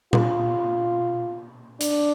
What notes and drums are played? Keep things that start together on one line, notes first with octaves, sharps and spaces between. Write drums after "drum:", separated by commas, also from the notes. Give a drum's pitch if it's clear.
F4, drum: tom A#2
D4, drum: hi-hat